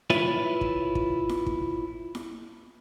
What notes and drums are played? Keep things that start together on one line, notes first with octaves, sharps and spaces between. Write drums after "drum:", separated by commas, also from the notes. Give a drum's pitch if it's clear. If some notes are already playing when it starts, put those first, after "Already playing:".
E4 F4 B4 C#5 E5, drum: snare E4
drum: kick
drum: kick
drum: snare E4
drum: kick
drum: snare E4